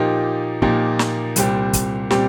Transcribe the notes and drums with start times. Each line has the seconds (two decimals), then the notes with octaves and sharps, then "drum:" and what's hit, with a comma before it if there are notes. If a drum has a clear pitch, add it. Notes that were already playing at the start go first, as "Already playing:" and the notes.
Already playing: A#2 F3 A#3 D#4 G4
0.62 A#2 F3 A#3 D#4 G4, drum: kick
0.99 drum: snare
1.36 C2 A#2 G3 C4 G4, drum: hi-hat
1.73 drum: kick, hi-hat
2.10 A#2 G3 C4 G4, drum: snare